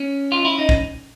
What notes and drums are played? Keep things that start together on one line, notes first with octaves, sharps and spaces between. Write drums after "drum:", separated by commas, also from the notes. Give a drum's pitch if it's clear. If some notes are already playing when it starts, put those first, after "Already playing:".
Already playing: C#4
F4
E4
D#4
drum: kick